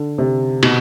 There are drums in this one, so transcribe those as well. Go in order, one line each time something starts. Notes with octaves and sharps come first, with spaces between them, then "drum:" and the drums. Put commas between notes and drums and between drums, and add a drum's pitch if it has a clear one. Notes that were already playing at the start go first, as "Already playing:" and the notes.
Already playing: D3
C3
B2, drum: cymbal